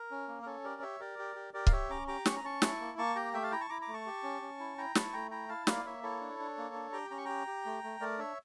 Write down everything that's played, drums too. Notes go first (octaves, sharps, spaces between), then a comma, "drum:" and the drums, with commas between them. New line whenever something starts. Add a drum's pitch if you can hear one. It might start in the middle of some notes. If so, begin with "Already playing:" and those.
Already playing: A#4
C#4
A#3
A#4
C#4 A4 C#5
G4 A#4 D5
G4 C#5 E5
G4 A#4 D5
G4
G4
G4 A#4 D5
F5, drum: kick C#1
G4 C#5 E5
C#4 A#5 D6
G4 A#5 D6
C#4 C#6, drum: snare
A#5
C#4 A5 C#6
E4, drum: snare
A#3
A#3 A5 C#6
G4 G5 A#5
A3 E5 G5
F5 A5
E4 G5 A#5
A5 C#6
E4 A#5 D6
A#5 D6
A3
A5 C#6
G4
C#4
C#4
E4
E4 G5 A#5
E4 A5 C#6, drum: snare
A3 G5 A#5
E4 G5 A#5
E4 F5 A5
A#3 D5 F5, drum: snare
A#3 C#5 E5
E4 A4 C#5
D4
D4
A#3
D4
G4 G5 A#5
C#4 A#5
C#6
G4 G5 A#5
G4
A3
A3
A3 A#4 D5
D4 C#5 E5